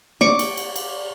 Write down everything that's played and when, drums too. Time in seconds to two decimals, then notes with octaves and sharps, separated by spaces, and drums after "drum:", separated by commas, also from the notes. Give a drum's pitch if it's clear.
0.21 D5 C#6 D6
0.39 drum: cymbal
0.57 drum: cymbal
0.76 drum: cymbal